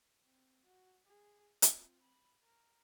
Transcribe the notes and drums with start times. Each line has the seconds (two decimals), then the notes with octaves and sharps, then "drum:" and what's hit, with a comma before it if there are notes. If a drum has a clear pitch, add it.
0.22 C4
0.65 F#4
1.06 G#4
1.62 C4 F4, drum: hi-hat
2.03 B5
2.43 A#4